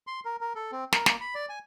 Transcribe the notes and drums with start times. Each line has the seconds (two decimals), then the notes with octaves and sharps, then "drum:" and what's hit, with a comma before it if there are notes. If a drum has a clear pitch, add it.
0.07 C6
0.25 A#4
0.41 A#4
0.55 A4
0.72 C4
0.93 A#4, drum: snare
1.06 A#3, drum: snare
1.21 B5
1.35 D5
1.49 G#5